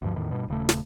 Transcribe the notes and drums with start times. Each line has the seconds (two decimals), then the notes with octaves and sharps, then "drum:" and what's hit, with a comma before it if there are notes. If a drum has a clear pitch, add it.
0.02 D2 G2 F3
0.16 E2 A2 D#3
0.31 G2 B2
0.48 D#1 C#3 A3
0.69 drum: snare